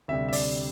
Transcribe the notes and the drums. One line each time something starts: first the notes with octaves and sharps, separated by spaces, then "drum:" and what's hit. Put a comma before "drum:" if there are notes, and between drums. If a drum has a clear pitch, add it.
D2 C3 G3 E5
E5
D5, drum: open hi-hat